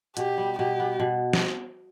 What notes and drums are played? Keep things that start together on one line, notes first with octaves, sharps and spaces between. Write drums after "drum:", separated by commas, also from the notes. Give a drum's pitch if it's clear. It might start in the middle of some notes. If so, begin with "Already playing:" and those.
B2 G4, drum: hi-hat
G3
B2 G4
B3
B2
drum: snare